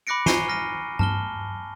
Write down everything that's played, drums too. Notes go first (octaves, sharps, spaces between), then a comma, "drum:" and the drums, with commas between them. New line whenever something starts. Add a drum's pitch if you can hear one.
B5 D6 F#6 A#6 C#7 D7
G#5 A#5 C#6 C7 D#7 G7, drum: snare
F6 A#6 D#7
A5 F6 G7, drum: tom G2